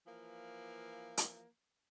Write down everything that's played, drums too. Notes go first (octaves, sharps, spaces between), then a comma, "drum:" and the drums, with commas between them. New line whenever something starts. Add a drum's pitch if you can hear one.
E3 F3 A#3
drum: hi-hat